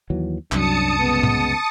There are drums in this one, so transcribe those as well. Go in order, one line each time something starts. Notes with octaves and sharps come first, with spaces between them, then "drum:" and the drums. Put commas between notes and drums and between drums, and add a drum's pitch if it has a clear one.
D#2 E3 F#3
C2 F#2 F#3 D4 A5 D#6 C#7, drum: clap
C#3 G#3 B3
drum: tom A2